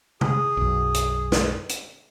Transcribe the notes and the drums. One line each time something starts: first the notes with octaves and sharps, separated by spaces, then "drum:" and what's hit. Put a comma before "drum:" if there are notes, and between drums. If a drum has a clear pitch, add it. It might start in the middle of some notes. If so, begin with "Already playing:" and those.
G#4, drum: tom C3
B1 F#2
drum: hi-hat
drum: snare
drum: hi-hat